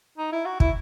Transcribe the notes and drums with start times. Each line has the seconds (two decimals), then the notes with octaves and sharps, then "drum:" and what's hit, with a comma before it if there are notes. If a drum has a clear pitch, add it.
0.18 D#4
0.32 E4
0.45 F#4
0.60 E4, drum: kick